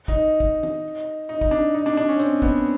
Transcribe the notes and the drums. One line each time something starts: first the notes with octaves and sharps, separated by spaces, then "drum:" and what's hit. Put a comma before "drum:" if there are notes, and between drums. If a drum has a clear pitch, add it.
D#4, drum: kick
drum: kick
drum: tom D#3
D#4
D#4, drum: kick
D4
D#4
D4
D4
C#4
C4, drum: hi-hat
B3, drum: kick